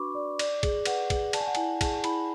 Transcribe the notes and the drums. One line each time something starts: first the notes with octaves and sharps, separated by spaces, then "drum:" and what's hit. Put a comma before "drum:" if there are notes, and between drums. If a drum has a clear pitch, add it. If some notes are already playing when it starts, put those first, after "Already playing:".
Already playing: D4 F#4 B4 B5 C#6 D6
D5
D5, drum: cymbal
G#4, drum: kick, cymbal
B4 F#5, drum: cymbal
G#4, drum: kick, cymbal
D5 A5, drum: cymbal
G#5
F#5
E4 G#5, drum: cymbal
G#4 A5, drum: kick, cymbal
E4 B5, drum: cymbal